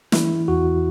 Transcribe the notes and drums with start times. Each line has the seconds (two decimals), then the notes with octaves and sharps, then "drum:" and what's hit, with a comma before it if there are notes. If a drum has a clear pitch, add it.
0.12 E3 E4, drum: snare
0.48 E2 F#4